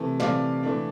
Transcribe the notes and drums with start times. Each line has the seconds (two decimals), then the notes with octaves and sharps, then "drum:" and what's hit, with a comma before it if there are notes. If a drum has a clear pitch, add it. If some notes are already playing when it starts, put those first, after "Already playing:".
Already playing: C3 E3 A3
0.20 C3 E3 A3 D5 F5, drum: snare
0.63 E3 A3 D4